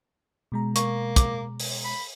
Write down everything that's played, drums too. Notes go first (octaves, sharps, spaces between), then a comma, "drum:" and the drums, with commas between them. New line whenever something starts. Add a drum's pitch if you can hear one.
B2 G#3 A#5
A#3 C#6, drum: hi-hat
D6, drum: kick, hi-hat
drum: open hi-hat
B5